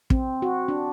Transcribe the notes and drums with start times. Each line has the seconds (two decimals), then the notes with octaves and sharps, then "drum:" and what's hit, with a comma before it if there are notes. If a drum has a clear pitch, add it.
0.10 C4, drum: kick
0.42 F#4
0.68 D4